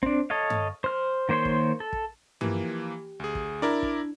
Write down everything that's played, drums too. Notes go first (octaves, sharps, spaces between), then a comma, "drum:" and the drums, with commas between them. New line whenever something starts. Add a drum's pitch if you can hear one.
C4 D4, drum: kick
A4 C#5 D#5 F5
drum: tom G2
C5 F6
D#3 A#3 C5 C#5 C6
drum: kick
A4
drum: kick
E3 F3 A#3 G4, drum: tom G2
D2 G#4
drum: kick
D4 E4 A#4 D5
drum: kick